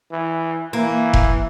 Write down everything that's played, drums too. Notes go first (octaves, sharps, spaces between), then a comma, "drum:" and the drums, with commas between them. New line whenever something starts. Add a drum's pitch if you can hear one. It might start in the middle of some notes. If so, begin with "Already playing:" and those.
E3
E3 A#3
drum: kick F1